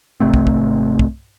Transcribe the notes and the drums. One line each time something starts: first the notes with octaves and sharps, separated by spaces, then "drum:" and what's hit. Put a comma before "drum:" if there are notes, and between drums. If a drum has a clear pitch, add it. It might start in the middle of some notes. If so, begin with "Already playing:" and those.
G#1 C3 A3 C4
drum: kick
drum: kick
drum: kick